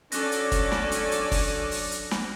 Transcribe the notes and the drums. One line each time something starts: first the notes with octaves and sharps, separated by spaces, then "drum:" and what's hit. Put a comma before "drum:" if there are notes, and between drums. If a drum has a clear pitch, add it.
F#3 C#4 D4 A4 D5 D6 F#6 A#6, drum: hi-hat
drum: hi-hat
drum: kick, hi-hat
drum: snare
drum: hi-hat
drum: hi-hat
drum: kick, open hi-hat
drum: open hi-hat
drum: hi-hat
drum: snare